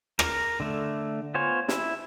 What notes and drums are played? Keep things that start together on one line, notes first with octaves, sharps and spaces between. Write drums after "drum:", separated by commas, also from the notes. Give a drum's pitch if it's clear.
A#4, drum: rim click
D3 A3
B3 F4 C5 C#5 G#5
E4, drum: snare